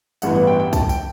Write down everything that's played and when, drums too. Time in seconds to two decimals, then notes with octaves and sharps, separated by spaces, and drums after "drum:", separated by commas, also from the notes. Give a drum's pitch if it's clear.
0.22 A1 G2 E3 B3 F#5, drum: tambourine
0.35 F#5
0.47 G5
0.60 G5
0.73 A5, drum: kick, tambourine
0.89 G5, drum: tambourine